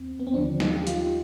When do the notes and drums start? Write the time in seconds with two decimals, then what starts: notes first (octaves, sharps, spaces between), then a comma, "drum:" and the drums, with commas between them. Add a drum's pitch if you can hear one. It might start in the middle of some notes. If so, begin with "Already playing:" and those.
Already playing: D#2 C4
0.20 B3
0.27 C4
0.34 D#2 D3 F3 D4
0.60 D#4, drum: snare
0.76 G4
0.87 F4, drum: hi-hat